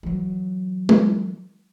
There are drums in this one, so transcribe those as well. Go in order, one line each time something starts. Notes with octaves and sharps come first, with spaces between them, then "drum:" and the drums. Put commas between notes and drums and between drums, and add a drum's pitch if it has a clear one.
E3 F#3
drum: tom G#3